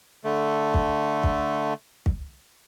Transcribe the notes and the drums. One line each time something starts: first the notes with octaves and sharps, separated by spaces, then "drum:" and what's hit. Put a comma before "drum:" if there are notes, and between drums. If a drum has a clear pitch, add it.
D3 A3
drum: kick
drum: kick
drum: kick